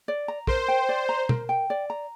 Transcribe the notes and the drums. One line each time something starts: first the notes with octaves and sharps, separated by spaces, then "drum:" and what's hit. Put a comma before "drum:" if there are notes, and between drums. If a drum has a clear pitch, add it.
D5
A#5
A#4 C5, drum: kick
G5
D5
A#5
A#4, drum: tom B2
G5
D5
A#5